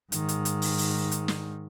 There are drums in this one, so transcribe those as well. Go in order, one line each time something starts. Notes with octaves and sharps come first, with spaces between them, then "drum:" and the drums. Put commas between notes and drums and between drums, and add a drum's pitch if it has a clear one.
G#2 D#3, drum: hi-hat
drum: hi-hat
drum: hi-hat
drum: open hi-hat
drum: open hi-hat
drum: hi-hat
drum: snare